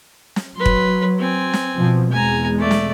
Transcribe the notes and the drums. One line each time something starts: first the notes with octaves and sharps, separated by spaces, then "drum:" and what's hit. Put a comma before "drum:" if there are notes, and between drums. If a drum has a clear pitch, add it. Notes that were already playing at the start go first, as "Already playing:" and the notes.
drum: snare
F#3 B4 C6
drum: kick
C4 G#5
drum: snare
B2 F3
E2 B2 G#3 G#5 A#5
A3 D5
drum: snare